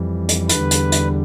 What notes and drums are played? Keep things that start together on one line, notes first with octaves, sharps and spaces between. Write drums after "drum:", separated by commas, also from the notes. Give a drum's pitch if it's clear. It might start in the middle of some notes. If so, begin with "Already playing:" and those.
Already playing: F2 E3 G3
drum: hi-hat
E2 D3 G3 B4, drum: hi-hat
drum: hi-hat
drum: hi-hat